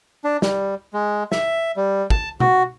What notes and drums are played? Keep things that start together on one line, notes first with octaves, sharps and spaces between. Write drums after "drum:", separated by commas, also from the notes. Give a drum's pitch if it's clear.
D4
G3, drum: snare
G#3
E5, drum: snare
G3
A5, drum: kick
F#4, drum: tom B2